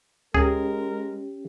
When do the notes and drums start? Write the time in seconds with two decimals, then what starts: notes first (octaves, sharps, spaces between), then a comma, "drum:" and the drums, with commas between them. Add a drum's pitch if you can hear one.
0.34 G#3 C#4 G4 G#4 A#4, drum: kick C#2